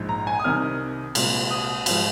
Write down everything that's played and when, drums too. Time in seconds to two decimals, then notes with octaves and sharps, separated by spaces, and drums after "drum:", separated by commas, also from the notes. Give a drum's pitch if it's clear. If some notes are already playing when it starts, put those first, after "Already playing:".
Already playing: A#1 G#2 F3 G#3
0.09 A#5
0.27 G#5
0.39 D#6
0.44 C2 C3 D#3 F6
1.15 C2 A#2 G#3, drum: cymbal
1.51 D#6
1.86 G#1 F3 G#3, drum: cymbal